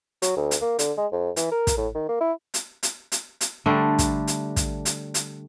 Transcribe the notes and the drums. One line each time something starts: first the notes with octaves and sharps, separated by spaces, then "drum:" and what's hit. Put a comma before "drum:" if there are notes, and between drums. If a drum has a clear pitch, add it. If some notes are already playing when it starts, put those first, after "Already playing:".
F#3, drum: hi-hat
D2
drum: hi-hat
A#3
D3, drum: hi-hat
G#3
F2
E3, drum: hi-hat
A#4
drum: kick, hi-hat
A2
D#3
A#3
E4
drum: hi-hat
drum: hi-hat
drum: hi-hat
drum: hi-hat
D3 G3 A3 D4
drum: kick, hi-hat
drum: hi-hat
drum: kick, hi-hat
drum: hi-hat
drum: hi-hat